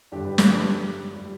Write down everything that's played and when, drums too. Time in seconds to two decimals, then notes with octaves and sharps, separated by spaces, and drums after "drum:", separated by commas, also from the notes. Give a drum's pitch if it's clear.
0.12 G2 D3 G3 D4 G4
0.25 G4 B4
0.38 A4 D5, drum: snare
0.51 G4 B4
1.16 G3